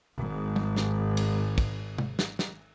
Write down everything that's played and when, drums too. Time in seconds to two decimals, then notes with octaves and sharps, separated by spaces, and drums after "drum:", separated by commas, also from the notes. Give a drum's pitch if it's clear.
0.15 G#1 G#2
0.56 drum: tom
0.76 drum: snare
1.17 drum: cymbal
1.58 drum: kick, cymbal
1.98 drum: tom
2.19 drum: snare
2.39 drum: snare